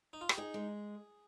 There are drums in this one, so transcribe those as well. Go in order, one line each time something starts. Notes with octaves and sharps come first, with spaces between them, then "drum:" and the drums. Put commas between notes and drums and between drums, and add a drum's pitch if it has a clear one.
D#4
F4
G4, drum: rim click
D#4 G#4
G#3